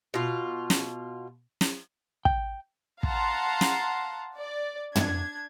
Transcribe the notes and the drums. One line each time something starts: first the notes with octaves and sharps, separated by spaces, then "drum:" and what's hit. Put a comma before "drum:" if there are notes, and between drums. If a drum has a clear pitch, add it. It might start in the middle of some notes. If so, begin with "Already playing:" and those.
B2 F4
drum: snare
drum: snare
G5, drum: kick
F5 F#5 A5 A#5 C6, drum: kick
drum: snare
D5
D4 G#6, drum: tom